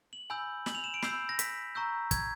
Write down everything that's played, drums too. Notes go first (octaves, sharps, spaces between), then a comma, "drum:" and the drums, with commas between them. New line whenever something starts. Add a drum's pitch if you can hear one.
F#7
G#5 B5 E6 G6
F#7, drum: snare
F7
E7
D7
B5 E6 G6 C7, drum: snare
A#6
B6, drum: hi-hat
A#5 C#6 E6 G6
G#6, drum: kick, hi-hat